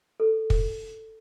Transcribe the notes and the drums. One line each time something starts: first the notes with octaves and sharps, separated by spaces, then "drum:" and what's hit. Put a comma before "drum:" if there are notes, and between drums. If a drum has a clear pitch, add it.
A4
drum: kick